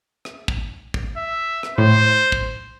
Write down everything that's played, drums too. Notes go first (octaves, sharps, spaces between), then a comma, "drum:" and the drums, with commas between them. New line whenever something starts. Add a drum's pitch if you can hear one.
drum: rim click
drum: kick
drum: kick
E5
drum: rim click
A2 C5
drum: kick